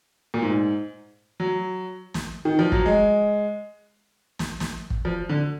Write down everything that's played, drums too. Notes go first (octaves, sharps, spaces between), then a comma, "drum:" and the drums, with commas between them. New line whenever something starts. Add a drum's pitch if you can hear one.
A#2
G#2
F#3
drum: snare
D#3
F3
F#3, drum: kick
G#3
drum: snare
drum: snare
drum: kick
F3
D3